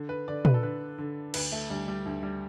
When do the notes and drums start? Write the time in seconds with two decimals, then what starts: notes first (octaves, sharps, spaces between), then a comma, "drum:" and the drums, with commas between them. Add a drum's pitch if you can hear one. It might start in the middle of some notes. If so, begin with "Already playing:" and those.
Already playing: D3
0.09 B4
0.28 D3 D5
0.45 B4, drum: tom
0.54 A4
0.63 D3 B4
0.98 D3
1.34 D2 B4, drum: cymbal
1.52 A3
1.70 D2 G3
1.88 G3
2.06 D2 A3
2.23 G3